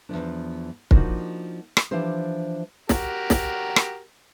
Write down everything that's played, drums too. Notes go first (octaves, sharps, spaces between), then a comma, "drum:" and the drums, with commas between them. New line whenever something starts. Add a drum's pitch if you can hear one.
E2 G2 F3 D4
F3 A#3 D4 D#4 F4 F#4, drum: kick
drum: rim click
E3 F3 D4 G4 C5
F#4 G4 A#4, drum: snare
drum: snare
drum: rim click